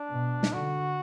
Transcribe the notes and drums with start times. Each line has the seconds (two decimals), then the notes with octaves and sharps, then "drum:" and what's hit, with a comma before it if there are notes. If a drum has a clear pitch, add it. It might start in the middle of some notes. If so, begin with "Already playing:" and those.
Already playing: D4
0.12 B2
0.43 drum: snare
0.53 D3 F#4